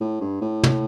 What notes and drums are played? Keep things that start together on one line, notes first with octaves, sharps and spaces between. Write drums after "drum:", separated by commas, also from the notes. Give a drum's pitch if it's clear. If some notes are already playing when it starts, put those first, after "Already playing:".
A2
G2
A2
drum: tom